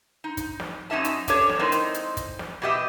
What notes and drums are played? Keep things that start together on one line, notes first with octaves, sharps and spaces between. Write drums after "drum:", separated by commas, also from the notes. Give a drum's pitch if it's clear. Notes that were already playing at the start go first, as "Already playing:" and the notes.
D#4
drum: kick, hi-hat
drum: snare
F#2 C#4 D#4 E5 A5
drum: hi-hat
C#4 D4 G4 A4 C#5, drum: kick, hi-hat
drum: snare
G#3 C4 D#4 E4 A#4 C5
drum: hi-hat
drum: hi-hat
drum: kick, hi-hat
drum: snare
B2 E3 G4 D#5 E5